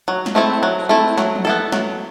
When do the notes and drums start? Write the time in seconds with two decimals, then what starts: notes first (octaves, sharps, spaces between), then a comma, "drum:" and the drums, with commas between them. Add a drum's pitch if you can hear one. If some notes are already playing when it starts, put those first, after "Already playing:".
0.08 F#3
0.26 drum: snare
0.35 A3 C4 E4 A4
0.63 F#3
0.89 A3 C4 E4 A4
1.18 F#3, drum: snare
1.36 drum: tom
1.45 B3 E4 A4
1.72 F#3, drum: snare